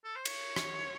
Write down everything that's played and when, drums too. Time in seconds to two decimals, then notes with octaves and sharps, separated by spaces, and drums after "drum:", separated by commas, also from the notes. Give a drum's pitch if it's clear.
0.05 A4
0.16 C5
0.25 C#5, drum: cymbal
0.56 drum: rim click